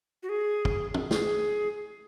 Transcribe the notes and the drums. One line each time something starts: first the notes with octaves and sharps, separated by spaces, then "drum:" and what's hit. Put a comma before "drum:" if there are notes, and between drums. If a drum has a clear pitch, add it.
F#4
G#4
drum: kick
drum: tom
G#4, drum: snare